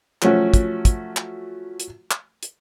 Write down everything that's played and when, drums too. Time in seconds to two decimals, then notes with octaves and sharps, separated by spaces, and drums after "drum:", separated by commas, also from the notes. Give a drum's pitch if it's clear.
0.22 F3 F#3 A3 C#4 F#4, drum: clap
0.54 drum: kick, hi-hat
0.85 drum: kick, hi-hat
1.17 drum: clap
1.80 drum: hi-hat
2.11 drum: clap
2.43 drum: hi-hat